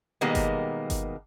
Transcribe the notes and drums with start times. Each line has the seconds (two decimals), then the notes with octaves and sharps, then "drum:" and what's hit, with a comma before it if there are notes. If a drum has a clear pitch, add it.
0.21 B2 D#3 G3 G#3 A#3 B3
0.35 drum: kick G1, hi-hat
0.90 drum: kick G1, hi-hat